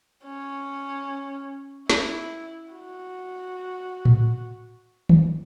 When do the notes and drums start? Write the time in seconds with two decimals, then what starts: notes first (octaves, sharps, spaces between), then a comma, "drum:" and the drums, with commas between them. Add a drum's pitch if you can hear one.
0.25 C#4
1.90 E4, drum: snare
2.72 F#4
4.05 drum: tom A2
5.09 drum: tom D#3